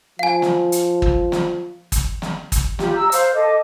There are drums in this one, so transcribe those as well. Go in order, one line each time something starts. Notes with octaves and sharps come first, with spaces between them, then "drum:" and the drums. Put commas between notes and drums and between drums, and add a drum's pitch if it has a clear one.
F3 F5 G#5
drum: snare
drum: hi-hat
drum: kick
drum: snare
drum: kick, hi-hat
drum: snare
drum: kick, hi-hat
F4 G4, drum: snare
A#5 E6
C5 F5, drum: hi-hat
A4 D#5 D6